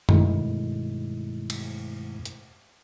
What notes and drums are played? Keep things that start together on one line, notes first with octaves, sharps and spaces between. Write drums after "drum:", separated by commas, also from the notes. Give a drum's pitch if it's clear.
G2 B2 D#3 G#3 A3 E4, drum: tom F#2
drum: cymbal
drum: hi-hat